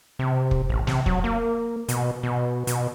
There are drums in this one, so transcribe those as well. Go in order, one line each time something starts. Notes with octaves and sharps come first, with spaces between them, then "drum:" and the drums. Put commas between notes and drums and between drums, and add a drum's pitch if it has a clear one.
C3
drum: kick
A1
C3, drum: snare
F#3, drum: kick
A#3
B2, drum: hi-hat
B2
B2, drum: hi-hat